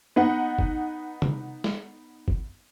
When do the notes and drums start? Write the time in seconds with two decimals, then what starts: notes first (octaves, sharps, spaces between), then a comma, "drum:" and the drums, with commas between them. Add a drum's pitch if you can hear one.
0.16 B3 D#4 F#5
0.59 drum: kick
1.22 drum: tom C3
1.64 drum: snare
2.28 drum: kick